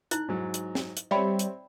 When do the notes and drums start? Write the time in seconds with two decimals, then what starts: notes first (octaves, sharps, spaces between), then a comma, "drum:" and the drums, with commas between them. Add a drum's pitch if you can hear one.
0.11 D#4 E4 F#6, drum: hi-hat
0.29 G#2 F#3
0.54 drum: hi-hat
0.75 drum: snare
0.97 drum: hi-hat
1.11 G3 C4 C#5 D5 E5 G5 B5
1.39 drum: hi-hat